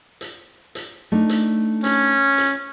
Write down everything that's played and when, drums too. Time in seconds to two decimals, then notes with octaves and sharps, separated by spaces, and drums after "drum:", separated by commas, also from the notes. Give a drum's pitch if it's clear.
0.21 drum: hi-hat
0.75 drum: hi-hat
1.12 A3 D4 D#4
1.29 drum: hi-hat
1.84 C#4, drum: hi-hat
2.38 drum: hi-hat